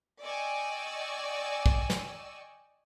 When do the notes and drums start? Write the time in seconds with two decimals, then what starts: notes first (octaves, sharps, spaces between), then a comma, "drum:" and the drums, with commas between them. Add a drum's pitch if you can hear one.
0.22 D5 D#5 G5 G#5 C#6 E6
1.66 drum: kick
1.90 drum: snare